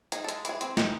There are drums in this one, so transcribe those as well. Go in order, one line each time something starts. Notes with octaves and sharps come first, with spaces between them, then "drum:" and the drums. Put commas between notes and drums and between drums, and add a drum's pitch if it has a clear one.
D#4 G#4, drum: hi-hat
A4
G#3, drum: hi-hat
E3 G#4, drum: hi-hat
C4, drum: hi-hat
D#4, drum: snare